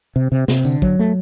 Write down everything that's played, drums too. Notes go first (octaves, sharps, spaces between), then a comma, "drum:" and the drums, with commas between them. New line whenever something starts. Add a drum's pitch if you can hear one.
C3
C3
C3, drum: snare
D3, drum: tambourine
F#3, drum: kick
A3